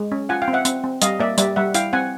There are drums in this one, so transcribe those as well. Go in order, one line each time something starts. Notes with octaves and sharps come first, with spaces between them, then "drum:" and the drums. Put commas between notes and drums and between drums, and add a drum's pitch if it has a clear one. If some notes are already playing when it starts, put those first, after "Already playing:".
Already playing: G#3
C#4
F4 F#5 G#5
F5 G5
C4
E5 F#5
C4, drum: hi-hat
C4
G3 D#5 F5, drum: hi-hat
A#3 D5 E5
G3 D5 E5, drum: hi-hat
G3 E5 F#5
E4 F5 G5, drum: hi-hat
C4 F#5 G#5